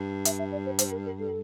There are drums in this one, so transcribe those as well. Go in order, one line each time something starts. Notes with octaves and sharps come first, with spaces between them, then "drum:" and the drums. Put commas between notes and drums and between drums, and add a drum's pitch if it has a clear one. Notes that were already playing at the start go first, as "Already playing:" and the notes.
Already playing: G2
E5, drum: hi-hat
E5
D5
C5
C5, drum: hi-hat
A#4
A#4
A4